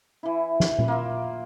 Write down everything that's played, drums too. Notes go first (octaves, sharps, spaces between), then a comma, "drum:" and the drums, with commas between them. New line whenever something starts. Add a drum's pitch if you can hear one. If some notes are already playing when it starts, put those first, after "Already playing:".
E3 E4
drum: snare
drum: tom A#2
A#3 F4 E5